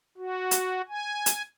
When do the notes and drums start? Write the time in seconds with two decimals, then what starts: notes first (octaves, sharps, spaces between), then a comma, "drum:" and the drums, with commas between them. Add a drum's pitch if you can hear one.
0.18 F#4
0.51 drum: hi-hat
0.89 G#5
1.26 drum: hi-hat